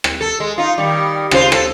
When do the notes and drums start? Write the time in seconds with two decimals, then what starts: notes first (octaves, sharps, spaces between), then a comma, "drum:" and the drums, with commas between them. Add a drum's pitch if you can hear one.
0.04 drum: rim click
0.21 A4
0.40 G#3
0.58 D#4 F4
0.78 D#3 G3
1.31 C#3 F4 C5, drum: rim click
1.52 A4, drum: rim click